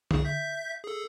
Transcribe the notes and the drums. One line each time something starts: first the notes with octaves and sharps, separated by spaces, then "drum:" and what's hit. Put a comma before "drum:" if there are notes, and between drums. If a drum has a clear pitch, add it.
C2 F2 G#4, drum: tom D3
E5 G6 B6
G#4 A4